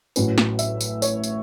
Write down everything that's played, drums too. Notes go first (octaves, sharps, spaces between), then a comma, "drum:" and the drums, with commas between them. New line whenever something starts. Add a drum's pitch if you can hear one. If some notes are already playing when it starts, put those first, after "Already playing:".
A1 A2 F#3 C#4 B4, drum: tambourine
drum: snare
E5, drum: tambourine
drum: tambourine
C#5, drum: tambourine
drum: tambourine